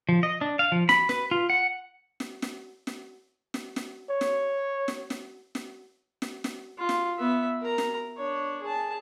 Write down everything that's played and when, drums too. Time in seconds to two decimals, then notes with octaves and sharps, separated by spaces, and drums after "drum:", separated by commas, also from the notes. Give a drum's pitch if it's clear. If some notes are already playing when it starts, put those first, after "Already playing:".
0.09 F3
0.23 D#5
0.41 D4
0.59 F5
0.72 F3
0.89 B5, drum: snare
1.09 B4, drum: snare
1.31 F4
1.50 F#5
2.20 drum: snare
2.42 drum: snare
2.87 drum: snare
3.54 drum: snare
3.76 drum: snare
4.10 C#5
4.21 drum: snare
4.88 drum: snare
5.10 drum: snare
5.55 drum: snare
6.22 drum: snare
6.44 drum: snare
6.78 F4
6.89 drum: snare
7.19 B3 E5
7.61 A#4 A#5
7.78 drum: snare
8.17 D4 C#5
8.63 G#4 A5